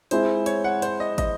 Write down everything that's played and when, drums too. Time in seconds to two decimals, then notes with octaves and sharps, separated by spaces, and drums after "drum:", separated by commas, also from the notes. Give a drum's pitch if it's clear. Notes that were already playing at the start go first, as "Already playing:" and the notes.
0.11 G#3 C4 E4 C5, drum: hi-hat
0.46 C#5, drum: hi-hat
0.64 F#5
0.82 C5, drum: hi-hat
1.00 D#5
1.18 D#5, drum: kick, hi-hat